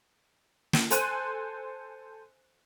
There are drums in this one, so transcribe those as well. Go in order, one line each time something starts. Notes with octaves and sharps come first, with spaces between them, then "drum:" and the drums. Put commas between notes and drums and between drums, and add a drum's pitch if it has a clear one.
drum: snare
A4 C5 G#5 C6 F#6 D#7, drum: hi-hat